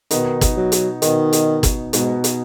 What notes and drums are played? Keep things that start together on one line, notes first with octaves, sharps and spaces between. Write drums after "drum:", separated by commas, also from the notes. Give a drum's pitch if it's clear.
B2 D#3 B3 D#4, drum: hi-hat
drum: kick, hi-hat
F#3
drum: hi-hat
B2 D#3 B3 D#4, drum: hi-hat
drum: hi-hat
drum: kick, hi-hat
G#2 B2 B3 D#4, drum: hi-hat
drum: hi-hat